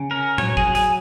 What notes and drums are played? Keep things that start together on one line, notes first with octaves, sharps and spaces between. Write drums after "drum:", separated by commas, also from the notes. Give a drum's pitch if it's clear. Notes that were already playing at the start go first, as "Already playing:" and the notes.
Already playing: C#3
C#4 A#4
F#3 C#5, drum: tom A2
G#4, drum: kick G#1
F#3
G#4, drum: hi-hat